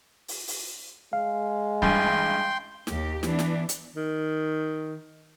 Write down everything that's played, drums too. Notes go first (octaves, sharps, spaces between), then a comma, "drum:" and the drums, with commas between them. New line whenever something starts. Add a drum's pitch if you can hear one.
drum: open hi-hat
drum: open hi-hat
G#3 F5
A1 G2 G5 G#5 C6, drum: kick C#1
D#2 G4, drum: snare
E3 B3 D4, drum: snare
drum: snare
drum: hi-hat
D#3